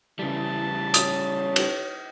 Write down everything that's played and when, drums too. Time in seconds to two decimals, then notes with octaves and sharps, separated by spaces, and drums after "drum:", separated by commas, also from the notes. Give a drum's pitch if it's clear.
0.19 C#3 E3 G3 A5
0.94 C#5 D#6, drum: hi-hat
1.56 drum: cymbal